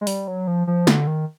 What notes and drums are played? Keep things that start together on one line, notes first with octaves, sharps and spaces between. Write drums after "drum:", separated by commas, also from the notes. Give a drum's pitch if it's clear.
G#3
G3, drum: open hi-hat
F#3
F3
F3
D3, drum: snare
D#3